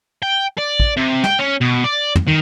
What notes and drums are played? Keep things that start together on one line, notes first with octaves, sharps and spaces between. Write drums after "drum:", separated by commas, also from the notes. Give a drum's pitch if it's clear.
G5
D5
drum: kick
C3
G5, drum: snare
C#4
B2
D5
drum: tom
D#3